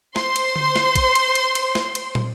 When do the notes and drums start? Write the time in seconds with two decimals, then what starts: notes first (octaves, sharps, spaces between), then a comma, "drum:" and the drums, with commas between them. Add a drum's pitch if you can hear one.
0.16 C5 C6, drum: snare
0.36 drum: cymbal
0.56 drum: tom D3
0.76 drum: snare
0.96 drum: kick, cymbal
1.15 drum: cymbal
1.35 drum: cymbal
1.55 drum: cymbal
1.75 drum: snare
1.95 drum: cymbal
2.15 drum: tom